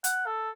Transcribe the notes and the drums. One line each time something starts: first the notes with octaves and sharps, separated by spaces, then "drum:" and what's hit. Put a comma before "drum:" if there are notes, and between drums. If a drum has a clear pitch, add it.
F#5, drum: hi-hat
A4